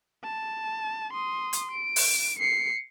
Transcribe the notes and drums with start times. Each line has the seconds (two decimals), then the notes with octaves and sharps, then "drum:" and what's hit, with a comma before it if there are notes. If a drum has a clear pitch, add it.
0.24 A5
1.13 C6 D#6
1.53 drum: hi-hat
1.72 D7
1.96 drum: open hi-hat
2.39 C7 C#7